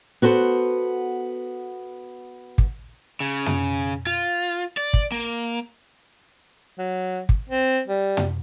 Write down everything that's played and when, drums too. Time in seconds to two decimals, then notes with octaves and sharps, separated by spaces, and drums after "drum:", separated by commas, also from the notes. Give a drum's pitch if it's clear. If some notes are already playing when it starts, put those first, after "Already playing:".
0.22 B3 F#4 A4 C5
2.58 drum: kick
3.20 C#3
3.46 drum: tom
4.07 F4
4.77 D5
4.93 drum: kick
5.12 A#3
6.78 F#3
7.29 drum: kick
7.49 C4
7.88 G3
8.17 drum: tom